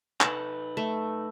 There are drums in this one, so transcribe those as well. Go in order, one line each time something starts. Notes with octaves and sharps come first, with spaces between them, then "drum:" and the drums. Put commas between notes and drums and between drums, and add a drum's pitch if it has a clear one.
D#4 A4 B4 A5, drum: clap
A3